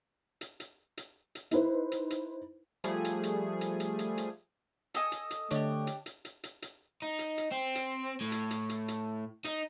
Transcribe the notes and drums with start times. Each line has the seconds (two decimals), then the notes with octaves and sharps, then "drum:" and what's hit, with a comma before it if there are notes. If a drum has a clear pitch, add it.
0.41 drum: hi-hat
0.60 drum: hi-hat
0.97 drum: hi-hat
1.35 drum: hi-hat
1.51 D#4 E4 B4 C5, drum: hi-hat
1.92 drum: hi-hat
2.10 drum: hi-hat
2.84 F3 G3 A3 G#4, drum: hi-hat
3.05 drum: hi-hat
3.23 drum: hi-hat
3.61 drum: hi-hat
3.80 drum: hi-hat
3.99 drum: hi-hat
4.18 drum: hi-hat
4.94 A4 D#5 G#5, drum: hi-hat
5.12 drum: hi-hat
5.31 drum: hi-hat
5.51 D3 A3 D4 G4 C#5 D#5, drum: hi-hat
5.87 drum: hi-hat
6.06 drum: hi-hat
6.25 drum: hi-hat
6.44 drum: hi-hat
6.62 drum: hi-hat
7.02 D#4
7.19 drum: hi-hat
7.38 drum: hi-hat
7.51 C4
7.75 drum: hi-hat
8.21 A2
8.32 drum: hi-hat
8.51 drum: hi-hat
8.69 drum: hi-hat
8.88 drum: hi-hat
9.45 D#4, drum: hi-hat